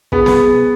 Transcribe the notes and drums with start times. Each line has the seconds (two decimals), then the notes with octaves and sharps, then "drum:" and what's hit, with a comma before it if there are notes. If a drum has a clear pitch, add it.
0.12 B3 G#4, drum: kick
0.26 B3, drum: snare